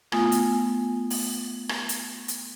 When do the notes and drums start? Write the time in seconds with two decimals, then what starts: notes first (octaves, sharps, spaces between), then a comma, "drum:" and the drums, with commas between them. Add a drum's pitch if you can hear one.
0.12 A3 B3 F4 G#5 D#6, drum: rim click
0.32 drum: hi-hat
1.10 drum: open hi-hat
1.69 drum: rim click
1.89 drum: hi-hat
2.28 drum: hi-hat